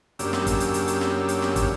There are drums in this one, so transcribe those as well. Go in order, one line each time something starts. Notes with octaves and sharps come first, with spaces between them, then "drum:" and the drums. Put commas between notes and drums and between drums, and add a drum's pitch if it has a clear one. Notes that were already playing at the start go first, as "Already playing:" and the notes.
F#2 C#3 A#3 D4 G4 E6, drum: hi-hat
drum: snare
drum: kick, hi-hat
drum: hi-hat
drum: hi-hat
drum: hi-hat
drum: snare
drum: hi-hat
drum: snare
drum: kick, hi-hat